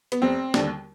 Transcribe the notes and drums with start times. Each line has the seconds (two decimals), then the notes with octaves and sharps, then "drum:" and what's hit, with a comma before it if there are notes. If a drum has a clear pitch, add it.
0.12 B3, drum: hi-hat
0.22 F1 C4
0.54 D#2 D3 G3, drum: snare